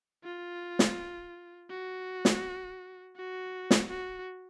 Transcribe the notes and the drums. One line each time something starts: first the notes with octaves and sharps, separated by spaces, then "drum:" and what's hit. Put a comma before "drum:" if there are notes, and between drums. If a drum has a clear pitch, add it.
F4
drum: snare
F#4
drum: snare
F#4
drum: snare
F#4